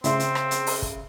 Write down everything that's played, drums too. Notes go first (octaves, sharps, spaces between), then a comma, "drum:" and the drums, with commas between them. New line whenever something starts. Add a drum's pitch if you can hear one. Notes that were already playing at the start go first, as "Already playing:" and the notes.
C#3 C4 E5 C6, drum: hi-hat
drum: hi-hat
drum: rim click
drum: hi-hat
drum: open hi-hat
drum: kick